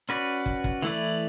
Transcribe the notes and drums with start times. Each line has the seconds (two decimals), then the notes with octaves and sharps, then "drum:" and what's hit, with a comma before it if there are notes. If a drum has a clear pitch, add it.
0.09 C#4 F#4 B4 D5
0.46 drum: kick
0.64 drum: kick
0.82 E3 A3 E4 B4 D5